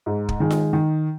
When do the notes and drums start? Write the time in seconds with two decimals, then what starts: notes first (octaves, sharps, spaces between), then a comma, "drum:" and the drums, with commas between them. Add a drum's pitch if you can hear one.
0.06 G#2
0.29 drum: kick
0.40 D#3 G#3
0.51 drum: snare F4
0.73 D#3